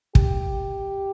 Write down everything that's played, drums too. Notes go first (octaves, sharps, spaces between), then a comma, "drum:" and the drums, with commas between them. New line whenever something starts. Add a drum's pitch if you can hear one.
G4, drum: kick